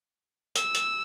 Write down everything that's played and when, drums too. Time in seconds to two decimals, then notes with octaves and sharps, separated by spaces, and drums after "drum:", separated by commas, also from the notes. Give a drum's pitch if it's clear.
0.56 E6, drum: hi-hat
0.75 drum: hi-hat